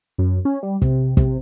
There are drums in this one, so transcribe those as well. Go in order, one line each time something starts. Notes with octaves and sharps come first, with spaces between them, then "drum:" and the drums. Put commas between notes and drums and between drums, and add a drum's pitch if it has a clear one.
F#2
C#4
G3
C3, drum: kick
C3, drum: kick